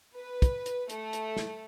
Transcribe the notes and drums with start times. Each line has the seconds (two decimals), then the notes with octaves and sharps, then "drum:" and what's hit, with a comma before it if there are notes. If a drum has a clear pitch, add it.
0.15 B4
0.42 drum: kick, hi-hat
0.66 drum: hi-hat
0.89 A3, drum: hi-hat
1.13 drum: hi-hat
1.37 drum: snare